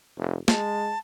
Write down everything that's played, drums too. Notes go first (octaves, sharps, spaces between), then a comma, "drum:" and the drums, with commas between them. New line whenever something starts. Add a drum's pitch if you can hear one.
F1
G#3 A5, drum: snare